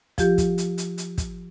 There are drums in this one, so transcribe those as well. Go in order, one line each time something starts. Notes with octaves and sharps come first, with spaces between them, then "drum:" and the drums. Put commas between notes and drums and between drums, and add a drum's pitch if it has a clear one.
F3 F4 G4 G6, drum: kick, hi-hat
drum: kick, hi-hat
drum: hi-hat
drum: hi-hat
drum: hi-hat
drum: kick, hi-hat